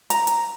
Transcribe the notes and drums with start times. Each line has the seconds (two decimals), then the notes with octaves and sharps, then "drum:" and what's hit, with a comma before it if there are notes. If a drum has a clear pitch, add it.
0.10 A#5, drum: hi-hat
0.27 drum: hi-hat